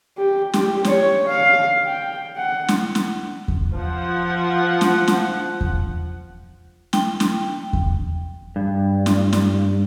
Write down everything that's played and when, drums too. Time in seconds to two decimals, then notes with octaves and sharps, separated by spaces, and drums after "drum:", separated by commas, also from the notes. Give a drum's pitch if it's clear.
0.18 G4
0.54 G4, drum: snare
0.85 C#5, drum: snare
1.28 F5
1.86 G5
2.36 F#5
2.68 drum: snare
2.95 drum: snare
3.48 drum: kick E2
3.75 F3 F#5
4.81 drum: snare
5.08 drum: snare
5.61 drum: kick E2
6.93 G5, drum: snare
7.20 drum: snare
7.73 drum: kick E2
8.56 G2
9.06 drum: snare
9.33 drum: snare